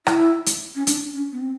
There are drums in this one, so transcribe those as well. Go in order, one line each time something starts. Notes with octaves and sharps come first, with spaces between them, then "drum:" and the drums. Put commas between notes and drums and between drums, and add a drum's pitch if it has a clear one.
E4, drum: rim click
drum: hi-hat
C#4
D4, drum: hi-hat
C#4
B3
C4